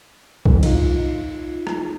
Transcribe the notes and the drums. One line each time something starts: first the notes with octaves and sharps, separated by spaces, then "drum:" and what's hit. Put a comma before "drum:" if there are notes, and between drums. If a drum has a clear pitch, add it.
drum: kick
D#4 F4, drum: cymbal
drum: rim click